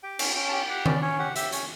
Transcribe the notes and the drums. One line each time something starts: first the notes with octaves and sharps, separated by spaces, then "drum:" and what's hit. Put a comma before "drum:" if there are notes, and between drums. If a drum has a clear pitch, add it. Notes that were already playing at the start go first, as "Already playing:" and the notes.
G4 G5
C#4, drum: cymbal
C#4
A5
G4 G5
G4 F#5
C#4 D5, drum: tom D#3
C#4 C#5
G4 F#5
G4 E5, drum: hi-hat
C#4 C#5, drum: hi-hat